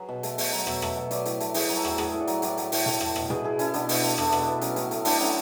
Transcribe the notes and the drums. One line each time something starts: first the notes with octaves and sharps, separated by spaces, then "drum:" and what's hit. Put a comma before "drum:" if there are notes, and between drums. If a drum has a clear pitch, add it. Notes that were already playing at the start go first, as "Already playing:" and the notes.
Already playing: F#3 G#4 B4
B2
A3, drum: hi-hat
B2, drum: open hi-hat
F#3
B2 C#5 E5, drum: rim click
A3, drum: rim click
B2
F#3 B4 D5, drum: hi-hat
A2, drum: hi-hat
A3, drum: hi-hat
A2 G#4 B4, drum: open hi-hat
F#3
F#4 A4
A2, drum: rim click
A3 G#4 B4, drum: rim click
A2
D5 F#5
F#3, drum: hi-hat
A2 B4 D5, drum: hi-hat
A3, drum: hi-hat
A2, drum: open hi-hat
A3, drum: tom
A3, drum: rim click
B2, drum: rim click
B2 G#4 B4, drum: tom
A3 E4 G#4
A3 C#4 E4, drum: hi-hat
B2 B3 D4, drum: hi-hat
B2, drum: open hi-hat
A3
A3 B3 D4, drum: rim click
B2, drum: rim click
B3
B2
F#3 C#4, drum: hi-hat
A2, drum: hi-hat
A3, drum: hi-hat
A2 B3 D4, drum: open hi-hat
F#3 C#4